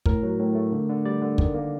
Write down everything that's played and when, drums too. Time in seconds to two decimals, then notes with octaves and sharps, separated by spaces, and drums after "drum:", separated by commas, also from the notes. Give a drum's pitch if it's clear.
0.06 A2 A#4, drum: kick
0.23 F#3
0.39 A2
0.55 A3
0.72 D3
0.89 D3
1.05 G3 D5
1.22 D3
1.38 D#3, drum: kick
1.54 A#3